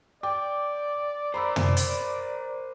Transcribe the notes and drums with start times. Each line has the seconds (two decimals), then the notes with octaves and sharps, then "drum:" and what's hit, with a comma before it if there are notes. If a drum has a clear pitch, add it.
0.23 D5 G5 D6
1.34 A#4 C5 A#5 B5 E6
1.56 drum: tom
1.77 drum: hi-hat